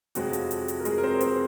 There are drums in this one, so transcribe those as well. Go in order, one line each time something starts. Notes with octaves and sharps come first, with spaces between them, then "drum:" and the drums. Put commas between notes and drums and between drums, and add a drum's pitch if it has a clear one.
F2 C3 F3 F#3 G#3 F#4, drum: hi-hat
drum: hi-hat
drum: hi-hat
drum: hi-hat
A#4
G#3 G#4, drum: hi-hat
A#4
C4 C5
A#4
C4 C5, drum: hi-hat